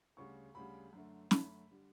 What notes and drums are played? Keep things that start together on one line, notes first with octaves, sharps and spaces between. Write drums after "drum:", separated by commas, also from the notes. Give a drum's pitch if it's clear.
D2 C#3 G3 C#6
D2 C#3 G3 B5
F#2 D3 A3
F#2 D3 A3 B5, drum: snare
D3 G3